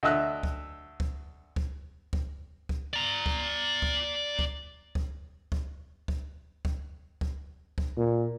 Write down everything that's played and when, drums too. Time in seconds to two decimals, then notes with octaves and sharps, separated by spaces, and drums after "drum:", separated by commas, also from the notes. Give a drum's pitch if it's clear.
0.03 D2 D#5 E5 E6 F#6
0.43 drum: kick C#2
1.00 drum: kick C#2
1.56 drum: kick C#2
2.13 drum: kick C#2
2.69 drum: kick C#2
2.94 D5 A#5
3.26 drum: kick C#2
3.82 drum: kick C#2
4.39 drum: kick C#2
4.95 drum: kick C#2
5.52 drum: kick C#2
6.08 drum: kick C#2
6.65 drum: kick C#2
7.21 drum: kick C#2
7.78 drum: kick C#2
7.97 A#2